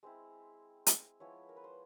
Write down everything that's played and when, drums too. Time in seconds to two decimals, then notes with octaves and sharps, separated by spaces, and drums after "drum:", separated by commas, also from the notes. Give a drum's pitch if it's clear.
0.03 G#3 C4 E4 C5
0.87 drum: hi-hat
1.20 F3 G#3 B3 E4 C#5
1.49 A#4
1.56 B4
1.64 C5